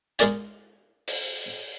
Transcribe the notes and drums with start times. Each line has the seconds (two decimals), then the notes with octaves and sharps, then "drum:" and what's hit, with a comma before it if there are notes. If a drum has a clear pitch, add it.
0.19 G#3 G#4 A#4 D5 G#5, drum: hi-hat
1.08 drum: open hi-hat